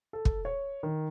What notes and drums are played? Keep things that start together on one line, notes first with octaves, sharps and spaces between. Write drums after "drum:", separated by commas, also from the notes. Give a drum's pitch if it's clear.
A4
drum: kick
C#5
D#3